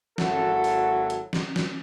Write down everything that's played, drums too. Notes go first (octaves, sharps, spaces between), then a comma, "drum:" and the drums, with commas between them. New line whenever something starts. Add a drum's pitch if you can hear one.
G#1 F#3 E4 F#4 A4, drum: snare
drum: open hi-hat
drum: hi-hat
drum: snare
drum: snare